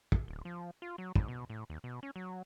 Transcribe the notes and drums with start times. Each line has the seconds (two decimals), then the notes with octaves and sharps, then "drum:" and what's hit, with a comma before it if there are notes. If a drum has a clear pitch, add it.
0.12 drum: kick
0.28 D1
0.45 F3
0.82 F4
0.98 F#3
1.16 G#2, drum: kick
1.28 B2
1.50 A2
1.70 D#2
1.84 B2
2.03 C#4
2.16 F#3